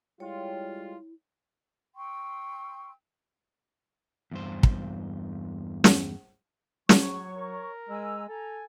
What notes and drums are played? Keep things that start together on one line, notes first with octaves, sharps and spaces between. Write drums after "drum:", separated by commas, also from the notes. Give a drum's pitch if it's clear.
G3 G#3 E4 F4 C#5 G5
G5 C6 C#6 E6
E2 G2 C5
drum: kick
drum: snare
F#3 C#5 C#6, drum: snare
A#4
G#3 G#5 A#5 E6
A4 G#5 A#5